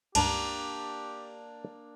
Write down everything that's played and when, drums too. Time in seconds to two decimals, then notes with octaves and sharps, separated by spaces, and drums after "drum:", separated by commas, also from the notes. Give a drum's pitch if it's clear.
0.15 C#2 G2 A#3 D4 G4 A5, drum: cymbal